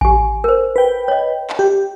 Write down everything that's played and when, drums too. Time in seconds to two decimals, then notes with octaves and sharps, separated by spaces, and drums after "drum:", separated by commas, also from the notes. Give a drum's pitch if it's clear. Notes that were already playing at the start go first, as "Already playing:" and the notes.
0.01 G4 G#5, drum: kick A1
0.44 A#4 C5
0.76 B4 G5
1.08 C#5 D#5
1.50 drum: clap
1.59 G4